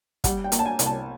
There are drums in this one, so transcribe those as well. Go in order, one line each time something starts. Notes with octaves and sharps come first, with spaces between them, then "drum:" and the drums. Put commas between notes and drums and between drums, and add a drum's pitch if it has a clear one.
G3 F#5, drum: kick, hi-hat
G5
A#3, drum: hi-hat
A5
G#5
C2, drum: hi-hat
A5